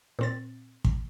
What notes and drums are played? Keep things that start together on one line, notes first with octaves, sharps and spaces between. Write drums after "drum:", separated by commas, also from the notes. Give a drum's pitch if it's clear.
A#2 C4 A6
drum: kick